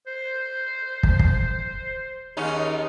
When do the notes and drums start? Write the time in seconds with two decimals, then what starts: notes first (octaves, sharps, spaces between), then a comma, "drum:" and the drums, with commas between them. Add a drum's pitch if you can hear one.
0.07 C5
1.03 drum: kick
1.19 drum: kick
2.37 D#2 C#4 D#4 G#4